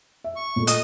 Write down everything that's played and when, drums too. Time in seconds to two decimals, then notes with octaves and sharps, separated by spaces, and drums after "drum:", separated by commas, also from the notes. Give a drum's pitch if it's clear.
0.24 E5
0.36 C#6
0.56 A#2 A3
0.67 D#5 D#6, drum: hi-hat